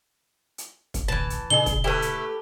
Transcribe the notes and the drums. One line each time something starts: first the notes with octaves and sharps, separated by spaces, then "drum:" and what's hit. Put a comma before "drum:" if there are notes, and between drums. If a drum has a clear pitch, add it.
drum: hi-hat
drum: kick, hi-hat
A1 D2 E3 A5
drum: hi-hat
A#2 C#3 D4 G#4 G7
drum: kick, hi-hat
A3 E4 G4 A4 B4
drum: hi-hat